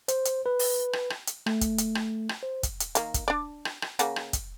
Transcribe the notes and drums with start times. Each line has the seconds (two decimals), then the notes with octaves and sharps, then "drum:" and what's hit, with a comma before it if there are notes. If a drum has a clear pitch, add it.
0.08 C5, drum: hi-hat
0.25 drum: hi-hat
0.46 B4
0.59 drum: open hi-hat
0.93 drum: rim click
1.10 drum: rim click
1.27 drum: hi-hat
1.46 A3, drum: rim click
1.61 drum: kick, hi-hat
1.78 drum: hi-hat
1.95 drum: rim click
2.29 drum: rim click
2.43 C5
2.63 drum: kick, hi-hat
2.80 drum: hi-hat
2.95 D#3 A#3, drum: hi-hat
3.14 drum: kick, hi-hat
3.28 D4 D5
3.65 drum: rim click
3.82 drum: rim click
3.99 C#3 A#3 F#5, drum: hi-hat
4.16 drum: rim click
4.33 drum: kick, hi-hat